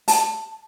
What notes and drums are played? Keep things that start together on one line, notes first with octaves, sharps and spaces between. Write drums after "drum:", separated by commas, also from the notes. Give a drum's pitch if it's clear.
A5, drum: open hi-hat